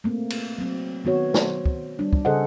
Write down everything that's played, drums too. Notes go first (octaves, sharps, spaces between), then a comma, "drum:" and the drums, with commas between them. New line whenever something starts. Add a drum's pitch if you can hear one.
A3 A#3 C4
drum: cymbal
F#3 C4
D#3 B3 F#4 C#5
C5, drum: snare
drum: kick
G3 D4
drum: kick
C#3 G#4 A4 C5 D#5 F#5